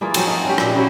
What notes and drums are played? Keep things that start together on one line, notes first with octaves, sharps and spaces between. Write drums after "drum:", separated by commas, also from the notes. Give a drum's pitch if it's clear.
E3 A#3 F4 G#4
F3 F#3 C4, drum: cymbal
A3 D#4
C#4 G4
A#2 E5 F#5, drum: rim click
C#3 F#3 E4 G4